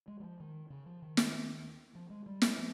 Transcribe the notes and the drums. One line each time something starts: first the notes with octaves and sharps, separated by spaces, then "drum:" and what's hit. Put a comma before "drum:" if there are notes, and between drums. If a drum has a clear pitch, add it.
G#3
G3
F3
D#3
C#3
F3
D#3
drum: snare
F3
G#3
G3
drum: snare
F3